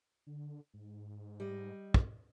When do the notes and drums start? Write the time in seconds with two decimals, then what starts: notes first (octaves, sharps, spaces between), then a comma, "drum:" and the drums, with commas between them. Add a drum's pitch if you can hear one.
0.27 D3
0.74 G#2
1.40 G3 D#5
1.94 drum: kick